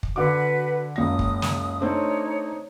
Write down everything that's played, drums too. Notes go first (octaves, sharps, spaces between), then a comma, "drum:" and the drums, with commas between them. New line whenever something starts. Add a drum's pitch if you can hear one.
drum: kick
D3 F#4 B4 F#5 D6
F#1 C#2 D#6 A#6
drum: kick
drum: snare
A3 C4 D4 D#4 C#5